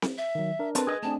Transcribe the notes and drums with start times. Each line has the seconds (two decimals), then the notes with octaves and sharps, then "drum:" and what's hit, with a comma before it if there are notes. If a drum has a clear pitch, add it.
0.02 drum: snare C4
0.18 E5
0.35 D#3 F#3
0.59 D4 A#4
0.75 C4 A4 B4, drum: hi-hat
0.87 G#4 D#5
1.03 A3 C4 D4 A5